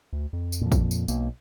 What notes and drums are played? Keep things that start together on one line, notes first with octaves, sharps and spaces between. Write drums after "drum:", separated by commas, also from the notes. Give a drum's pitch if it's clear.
D2
F2
drum: tambourine
A#2 F3
drum: kick, tambourine
drum: tambourine
B1 A#3, drum: tambourine